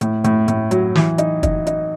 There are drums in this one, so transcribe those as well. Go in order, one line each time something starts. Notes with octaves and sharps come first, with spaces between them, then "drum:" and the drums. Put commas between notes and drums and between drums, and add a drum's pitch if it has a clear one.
A2, drum: hi-hat
A2, drum: hi-hat
A2, drum: hi-hat
F#3, drum: hi-hat
E3, drum: snare
D#4, drum: hi-hat
D#4, drum: kick, hi-hat
D#4, drum: hi-hat